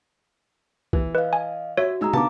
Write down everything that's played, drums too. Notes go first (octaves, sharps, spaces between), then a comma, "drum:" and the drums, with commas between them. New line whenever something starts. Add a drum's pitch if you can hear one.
E3, drum: kick C2
B4 D#5 F5
G#5
F#4 C#5 E5
G#3 D#4 A#5 E6
D3 B3 F5 A5 D6, drum: tom